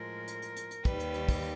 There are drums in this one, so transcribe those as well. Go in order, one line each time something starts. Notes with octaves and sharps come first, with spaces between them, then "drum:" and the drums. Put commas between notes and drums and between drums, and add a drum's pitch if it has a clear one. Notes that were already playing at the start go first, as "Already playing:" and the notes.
Already playing: A2 F3 G#3 A#4
drum: hi-hat
drum: hi-hat
drum: hi-hat
drum: hi-hat
D#2 D#3 G3 B4, drum: kick, hi-hat
drum: hi-hat
drum: hi-hat
drum: kick, open hi-hat